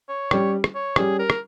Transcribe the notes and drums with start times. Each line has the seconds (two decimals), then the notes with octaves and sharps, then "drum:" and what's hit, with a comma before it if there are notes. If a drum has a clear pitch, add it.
0.09 C#5
0.31 G3 C#4 G4 C#5, drum: rim click
0.64 drum: rim click
0.75 C#5
0.96 G3 C#4 G4 G#4, drum: rim click
1.19 A#4
1.30 drum: rim click